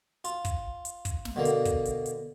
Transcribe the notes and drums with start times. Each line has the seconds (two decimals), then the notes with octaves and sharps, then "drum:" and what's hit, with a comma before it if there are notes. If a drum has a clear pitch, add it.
0.24 F4, drum: hi-hat
0.45 drum: kick, hi-hat
0.85 drum: hi-hat
1.05 drum: kick, hi-hat
1.25 drum: snare
1.36 B2 D3 A#3
1.45 drum: hi-hat
1.65 drum: kick, hi-hat
1.85 drum: hi-hat
2.06 drum: hi-hat